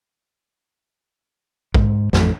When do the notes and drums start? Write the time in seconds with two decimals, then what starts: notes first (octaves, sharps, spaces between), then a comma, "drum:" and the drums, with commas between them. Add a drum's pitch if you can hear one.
1.74 G#2, drum: kick A#1
2.13 A1 F2 A2 A3, drum: snare